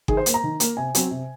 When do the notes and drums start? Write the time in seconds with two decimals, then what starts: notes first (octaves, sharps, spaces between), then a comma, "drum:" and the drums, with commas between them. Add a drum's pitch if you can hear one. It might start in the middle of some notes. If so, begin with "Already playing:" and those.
0.08 D#3 G#4, drum: kick G1
0.17 C5
0.26 A#3, drum: hi-hat
0.34 A#5
0.44 D#3
0.60 A#3, drum: hi-hat
0.77 C3 G#5
0.95 F#3 C4, drum: hi-hat
1.11 C3